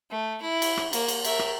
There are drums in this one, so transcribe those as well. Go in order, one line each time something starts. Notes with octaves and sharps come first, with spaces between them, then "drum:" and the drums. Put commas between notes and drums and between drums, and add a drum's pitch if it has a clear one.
A3
E4
drum: cymbal
drum: rim click
A#3, drum: cymbal
drum: cymbal
A#4 E5, drum: cymbal
drum: rim click